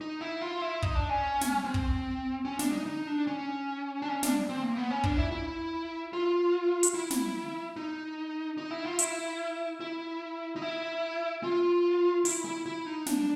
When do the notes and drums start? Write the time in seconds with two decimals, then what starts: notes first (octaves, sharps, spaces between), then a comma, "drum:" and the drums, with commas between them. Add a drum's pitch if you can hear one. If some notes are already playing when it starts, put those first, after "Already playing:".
0.01 D#4
0.21 E4
0.41 F4
0.62 E4
0.82 D#4, drum: kick
0.95 D4
1.10 C#4
1.41 drum: snare
1.64 C4
1.74 drum: kick
2.45 C#4
2.59 D4, drum: snare
2.72 D#4
2.86 D#4
3.07 D4
3.27 C#4
4.02 D4
4.08 C#4
4.23 D4, drum: snare
4.49 C4
4.63 A#3
4.76 B3
4.91 C#4
5.04 D4, drum: kick
5.18 E4
5.31 E4
6.13 F4
6.83 drum: hi-hat
6.94 E4
7.10 drum: snare
7.76 D#4
8.58 D#4
8.71 E4
8.85 F4
8.99 E4, drum: hi-hat
9.80 E4
10.56 D#4
10.62 E4
11.43 F4
12.25 E4, drum: open hi-hat
12.45 E4
12.66 E4
12.86 D#4
13.06 D4, drum: snare